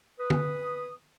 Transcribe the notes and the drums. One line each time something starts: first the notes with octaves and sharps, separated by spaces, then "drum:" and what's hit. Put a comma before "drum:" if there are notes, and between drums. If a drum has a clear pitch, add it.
B4 D#6
drum: tom